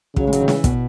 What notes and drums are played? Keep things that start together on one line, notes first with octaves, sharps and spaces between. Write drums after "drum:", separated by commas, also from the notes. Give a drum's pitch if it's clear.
C#3 F#3, drum: kick
G#3
F#3, drum: hi-hat
D#3
E3, drum: snare
B2, drum: kick, hi-hat